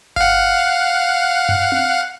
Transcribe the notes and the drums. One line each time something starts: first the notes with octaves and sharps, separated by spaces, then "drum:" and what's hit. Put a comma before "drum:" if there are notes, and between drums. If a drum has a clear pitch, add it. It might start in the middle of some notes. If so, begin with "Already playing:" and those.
F5 F#5, drum: kick G1
drum: tom F#2
drum: tom C4